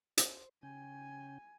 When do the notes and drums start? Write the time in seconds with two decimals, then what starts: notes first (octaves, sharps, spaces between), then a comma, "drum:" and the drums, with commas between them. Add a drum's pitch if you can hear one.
0.17 C5, drum: hi-hat
0.63 C#3 C#4 G5 G#5